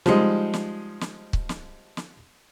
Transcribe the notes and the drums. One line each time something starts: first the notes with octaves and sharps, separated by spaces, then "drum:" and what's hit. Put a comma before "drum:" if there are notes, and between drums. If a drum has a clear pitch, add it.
F3 G3 G#3 D#4, drum: snare
drum: snare
drum: snare
drum: kick C#1
drum: snare
drum: snare